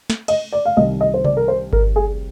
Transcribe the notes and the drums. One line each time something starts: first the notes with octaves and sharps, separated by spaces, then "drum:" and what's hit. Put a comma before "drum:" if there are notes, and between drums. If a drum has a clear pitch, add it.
drum: snare
D#5, drum: cymbal
D5
F5
C2 C3 D#3 G3 D#5
D#5
C5
D5, drum: tom C3
A#4
C5
A#4, drum: kick G1
G#4